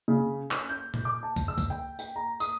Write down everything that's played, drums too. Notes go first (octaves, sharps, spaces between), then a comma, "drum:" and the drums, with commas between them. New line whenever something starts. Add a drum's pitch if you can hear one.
C#3
C#4, drum: clap
G6
drum: tom A#2
D6
A5
drum: kick, tambourine
E6
drum: kick, tambourine
G5
G5, drum: tambourine
A#5
D#6, drum: tambourine